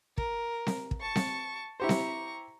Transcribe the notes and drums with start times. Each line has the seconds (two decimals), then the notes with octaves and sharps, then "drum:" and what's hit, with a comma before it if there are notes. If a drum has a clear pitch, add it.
0.18 A#4, drum: kick
0.67 drum: snare C4
0.91 drum: kick
1.01 A5 C#6
1.16 drum: snare C4
1.80 E4 G4 C5 A#5 C#6
1.89 drum: snare C4